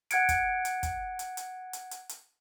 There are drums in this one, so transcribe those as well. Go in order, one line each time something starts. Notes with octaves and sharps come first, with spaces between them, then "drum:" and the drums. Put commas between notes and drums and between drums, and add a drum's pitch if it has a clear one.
F#5 F#6 G#6 C#7 D7, drum: hi-hat
drum: kick, hi-hat
drum: hi-hat
drum: kick, hi-hat
drum: hi-hat
drum: hi-hat
drum: hi-hat
drum: hi-hat
drum: hi-hat